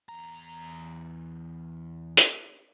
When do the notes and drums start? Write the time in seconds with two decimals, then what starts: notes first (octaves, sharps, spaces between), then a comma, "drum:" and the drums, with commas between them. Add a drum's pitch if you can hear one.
0.09 E2 A#5
2.17 drum: hi-hat